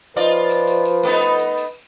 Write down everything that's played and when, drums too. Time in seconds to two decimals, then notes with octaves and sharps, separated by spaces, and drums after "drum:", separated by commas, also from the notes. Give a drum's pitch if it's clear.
0.16 F3 D#4 F4 B4 D5
0.49 drum: tambourine
0.67 drum: tambourine
0.85 drum: tambourine
1.03 A3 B3 D#4, drum: tambourine
1.21 drum: tambourine
1.39 drum: tambourine
1.57 drum: tambourine